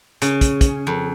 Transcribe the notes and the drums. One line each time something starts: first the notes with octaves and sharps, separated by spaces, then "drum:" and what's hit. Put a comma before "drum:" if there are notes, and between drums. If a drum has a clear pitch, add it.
C#3, drum: hi-hat
drum: kick, hi-hat
drum: kick, hi-hat
F2